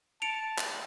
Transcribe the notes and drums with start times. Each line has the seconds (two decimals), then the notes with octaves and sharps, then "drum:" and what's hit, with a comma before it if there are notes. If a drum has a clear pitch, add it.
0.22 A5 C#7 D7 F7
0.58 drum: clap